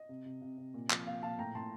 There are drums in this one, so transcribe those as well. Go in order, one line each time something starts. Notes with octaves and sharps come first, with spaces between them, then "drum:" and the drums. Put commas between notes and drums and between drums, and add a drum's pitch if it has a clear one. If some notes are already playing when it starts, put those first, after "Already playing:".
Already playing: D#5
C3
C3
C3
C3
A#2
F3, drum: clap
A#2 F5
A#2 F5 A5
A2 G5 A#5
A2 A5 C6